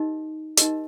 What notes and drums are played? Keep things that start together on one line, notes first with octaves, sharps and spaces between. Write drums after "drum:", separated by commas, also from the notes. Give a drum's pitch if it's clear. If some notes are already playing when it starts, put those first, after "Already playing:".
Already playing: D#4 G4 A#4 D#5
D#4 G4 A#4 D#5, drum: hi-hat